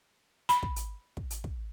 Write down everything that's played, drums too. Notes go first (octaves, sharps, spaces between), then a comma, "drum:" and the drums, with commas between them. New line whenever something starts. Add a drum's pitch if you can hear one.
B5, drum: hi-hat
drum: kick
drum: hi-hat
drum: kick
drum: hi-hat
drum: kick